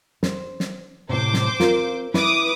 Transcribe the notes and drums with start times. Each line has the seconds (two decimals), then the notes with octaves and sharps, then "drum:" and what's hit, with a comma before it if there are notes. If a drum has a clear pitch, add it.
0.23 C5, drum: snare
0.60 drum: snare
1.09 A2 C3 C5 D6
1.34 drum: snare
1.60 C4 F4 A#4, drum: snare
2.14 E4 B4 D6 D#6, drum: snare